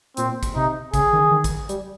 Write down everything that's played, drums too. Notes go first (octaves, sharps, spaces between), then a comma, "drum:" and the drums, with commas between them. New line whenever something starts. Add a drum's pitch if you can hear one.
A#2 C4, drum: hi-hat
drum: kick G#1, hi-hat
C3 D#4
C#3 G#4, drum: kick G#1, hi-hat
D#3
D#3
drum: kick G#1, hi-hat
G3, drum: hi-hat